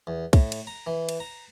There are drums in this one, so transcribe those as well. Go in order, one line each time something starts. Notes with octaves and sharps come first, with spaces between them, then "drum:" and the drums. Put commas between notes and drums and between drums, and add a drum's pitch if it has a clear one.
E2
A2, drum: kick, cymbal
drum: cymbal
A#5
E3
drum: cymbal
A#5